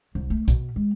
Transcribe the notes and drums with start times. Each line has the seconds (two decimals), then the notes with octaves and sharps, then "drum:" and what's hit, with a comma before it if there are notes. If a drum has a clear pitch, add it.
0.15 C2
0.30 A3
0.48 B2, drum: kick, hi-hat
0.76 G#3